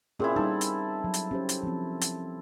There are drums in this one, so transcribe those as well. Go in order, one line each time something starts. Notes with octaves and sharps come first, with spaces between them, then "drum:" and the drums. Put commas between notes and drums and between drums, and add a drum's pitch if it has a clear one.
A#2 C4 C#4 E4 G#4
G3 D#4 A4
drum: hi-hat
F#3
drum: hi-hat
C#4 G4 C5
drum: hi-hat
F3 C4
drum: hi-hat